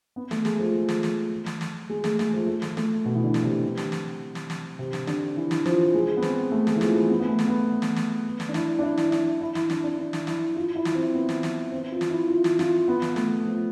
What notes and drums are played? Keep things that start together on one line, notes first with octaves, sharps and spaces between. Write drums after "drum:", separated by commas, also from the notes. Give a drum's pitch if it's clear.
B3
A3, drum: snare
G#3, drum: snare
F3
drum: snare
drum: snare
drum: snare
drum: snare
G#3
A3, drum: snare
A3, drum: snare
F3
A3
drum: snare
A3, drum: snare
B2
E3
D3
drum: snare
C3
drum: snare
drum: snare
drum: snare
drum: snare
C3
drum: snare
D3, drum: snare
E3
drum: snare
F3, drum: snare
G#3
B3
C4, drum: snare
A3
G#3, drum: snare
E3
F3, drum: snare
G#3
B3
B3
A3
drum: snare
B3
drum: snare
drum: snare
drum: snare
D4
E4, drum: snare
D4
E4
drum: snare
D4, drum: snare
E4
E4, drum: snare
D4, drum: snare
D4
D4
drum: snare
E4, drum: snare
F4
E4
drum: snare
C4
B3
drum: snare
drum: snare
C4
F4
drum: snare
E4
F4
drum: snare
F4, drum: snare
B3
drum: snare
A3, drum: snare
F3